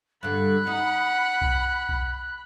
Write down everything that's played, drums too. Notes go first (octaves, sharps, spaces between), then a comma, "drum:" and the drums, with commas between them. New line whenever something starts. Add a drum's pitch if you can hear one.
G2 D3 B5 F#6
D#4 F#5
drum: kick B1
drum: kick B1